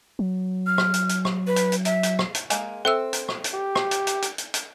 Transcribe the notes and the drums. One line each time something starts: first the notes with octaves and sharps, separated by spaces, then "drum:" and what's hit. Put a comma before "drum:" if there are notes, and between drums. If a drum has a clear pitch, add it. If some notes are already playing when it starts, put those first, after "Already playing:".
F#3
F6
drum: rim click
drum: hi-hat
drum: hi-hat
drum: rim click
B4
drum: hi-hat
drum: hi-hat
E5, drum: hi-hat
drum: hi-hat
drum: rim click
drum: hi-hat
G#3 A#3, drum: hi-hat
C4 A4 E5 E6
drum: hi-hat
drum: rim click
drum: hi-hat
G4
drum: rim click
drum: hi-hat
drum: hi-hat
drum: hi-hat
drum: hi-hat
drum: hi-hat